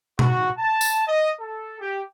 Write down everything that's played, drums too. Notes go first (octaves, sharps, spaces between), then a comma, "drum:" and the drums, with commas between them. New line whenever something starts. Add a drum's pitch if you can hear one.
F#4, drum: tom B2
A5
drum: tambourine
D#5
A4
G4